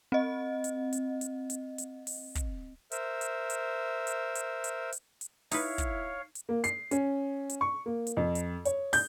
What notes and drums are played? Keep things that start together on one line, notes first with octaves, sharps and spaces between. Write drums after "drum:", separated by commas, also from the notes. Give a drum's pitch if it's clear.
C4 D#5
drum: hi-hat
drum: hi-hat
drum: hi-hat
drum: hi-hat
drum: hi-hat
drum: open hi-hat
drum: kick, hi-hat
A#4 C5 E5, drum: hi-hat
drum: hi-hat
drum: hi-hat
drum: hi-hat
drum: hi-hat
drum: hi-hat
drum: hi-hat
drum: hi-hat
D#4 E4 B4 C#5 F5, drum: open hi-hat
drum: kick, hi-hat
drum: hi-hat
A#3
C7, drum: hi-hat
C#4, drum: hi-hat
drum: hi-hat
C#6
A#3
drum: hi-hat
F2
drum: hi-hat
C#5, drum: hi-hat
G6, drum: open hi-hat